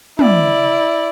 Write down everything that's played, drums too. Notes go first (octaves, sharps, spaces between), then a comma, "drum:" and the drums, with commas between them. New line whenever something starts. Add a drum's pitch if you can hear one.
E4 D5, drum: tom